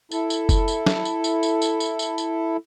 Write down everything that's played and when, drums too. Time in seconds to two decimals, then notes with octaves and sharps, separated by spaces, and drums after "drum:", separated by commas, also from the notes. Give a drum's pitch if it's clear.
0.11 E4 A4, drum: tambourine
0.30 drum: tambourine
0.49 drum: kick F#1, tambourine
0.68 drum: tambourine
0.86 drum: snare
1.05 drum: tambourine
1.24 drum: tambourine
1.43 drum: tambourine
1.62 drum: tambourine
1.80 drum: tambourine
1.99 drum: tambourine
2.18 drum: tambourine